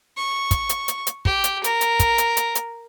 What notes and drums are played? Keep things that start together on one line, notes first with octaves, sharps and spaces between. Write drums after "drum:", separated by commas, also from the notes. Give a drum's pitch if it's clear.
C#6
drum: kick, hi-hat
drum: hi-hat
drum: hi-hat
drum: hi-hat
G4, drum: kick
drum: hi-hat
A#4, drum: hi-hat
drum: hi-hat
drum: kick, hi-hat
drum: hi-hat
drum: hi-hat
drum: hi-hat